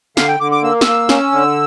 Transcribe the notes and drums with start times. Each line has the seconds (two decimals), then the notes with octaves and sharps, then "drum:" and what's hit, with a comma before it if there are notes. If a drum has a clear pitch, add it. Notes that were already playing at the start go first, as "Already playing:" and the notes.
0.17 D3 F5, drum: snare
0.28 G5
0.40 D3 D6
0.52 D6
0.63 A#3 E6
0.81 E6, drum: snare
0.87 A#3
1.09 C#4, drum: snare
1.32 D3